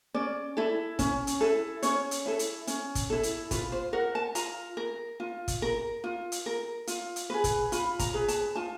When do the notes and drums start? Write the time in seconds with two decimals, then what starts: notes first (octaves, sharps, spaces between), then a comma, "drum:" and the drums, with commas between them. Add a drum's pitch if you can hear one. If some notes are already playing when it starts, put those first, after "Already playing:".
0.14 C#4 D5
0.57 E4 A4
0.99 C#4, drum: kick, hi-hat
1.27 drum: hi-hat
1.41 E4 A4
1.83 C#4 C#5, drum: hi-hat
2.11 drum: hi-hat
2.26 E4 A4
2.39 drum: hi-hat
2.67 C#4, drum: hi-hat
2.95 drum: kick, hi-hat
3.10 E4 A4
3.23 drum: hi-hat
3.51 F4 B4, drum: kick, hi-hat
3.72 C5
3.93 A#4 F#5
4.15 A5
4.35 F4 A#5, drum: hi-hat
4.77 A#4
5.20 F4
5.48 drum: kick, hi-hat
5.62 A#4
6.04 F4
6.32 drum: hi-hat
6.46 A#4
6.87 F4, drum: hi-hat
7.16 drum: hi-hat
7.30 G#4 B4
7.44 drum: kick, hi-hat
7.72 F4 B5, drum: hi-hat
7.99 A#5, drum: kick, hi-hat
8.14 G#4 B4
8.28 A5, drum: hi-hat
8.55 F4 A5